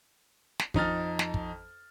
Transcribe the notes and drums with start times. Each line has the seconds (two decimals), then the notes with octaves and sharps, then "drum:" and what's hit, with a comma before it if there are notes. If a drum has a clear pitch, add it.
0.59 drum: snare
0.74 F2 D#4 F6 A6, drum: kick
1.19 drum: snare
1.34 drum: kick